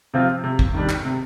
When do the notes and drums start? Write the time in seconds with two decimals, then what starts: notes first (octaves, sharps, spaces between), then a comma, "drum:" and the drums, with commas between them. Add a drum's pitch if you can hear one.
0.14 C3 F3 C4 F4
0.44 C3
0.59 drum: kick
0.74 D#3 G3 D4
0.89 drum: clap
1.05 C3